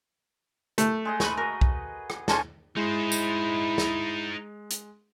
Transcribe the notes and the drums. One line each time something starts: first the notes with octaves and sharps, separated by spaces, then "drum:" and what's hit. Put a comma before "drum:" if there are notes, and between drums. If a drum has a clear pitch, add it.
A3, drum: hi-hat
G#3 G#4 D#5
B4 B5 C#6, drum: snare
F#4 A#4 D#5
drum: kick B1
drum: rim click
B2 C#4 F4 A4 C5 G#5, drum: snare
G#3 D#4 E4 C5
drum: tambourine
drum: snare
drum: hi-hat